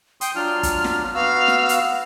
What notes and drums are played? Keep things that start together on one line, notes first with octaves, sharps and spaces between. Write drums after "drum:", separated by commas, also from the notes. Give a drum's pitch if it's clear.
G5 C6 D#6, drum: hi-hat
F#3 D4 F4 F6
drum: kick, hi-hat
drum: snare
B3 F#4 F5 E6
drum: snare
drum: hi-hat